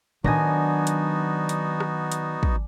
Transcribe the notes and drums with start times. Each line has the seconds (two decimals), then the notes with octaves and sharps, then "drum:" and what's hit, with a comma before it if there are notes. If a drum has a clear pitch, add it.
0.24 D#3 F#3 B3 D4 D#4 F#4 G#5 A#6, drum: tom A2
0.87 drum: hi-hat
1.49 drum: hi-hat
1.80 drum: rim click
2.12 drum: hi-hat
2.43 drum: kick